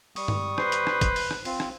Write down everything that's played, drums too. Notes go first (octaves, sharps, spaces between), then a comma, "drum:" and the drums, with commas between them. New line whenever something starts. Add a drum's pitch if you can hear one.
G3 C#6 D#6, drum: open hi-hat
drum: tom G2
B4 C5, drum: rim click
drum: hi-hat
drum: rim click
drum: kick, hi-hat
drum: open hi-hat
drum: rim click
C4 F4, drum: open hi-hat
drum: rim click